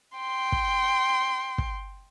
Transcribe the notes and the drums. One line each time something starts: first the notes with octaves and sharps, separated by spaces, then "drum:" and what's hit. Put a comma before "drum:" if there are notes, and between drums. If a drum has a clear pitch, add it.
G5 C6
drum: kick
drum: kick